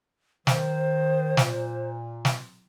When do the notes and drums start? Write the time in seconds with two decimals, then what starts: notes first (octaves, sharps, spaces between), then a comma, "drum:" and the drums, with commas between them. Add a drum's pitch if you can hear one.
0.47 D#3 C5, drum: snare
1.37 A#2, drum: snare
2.25 drum: snare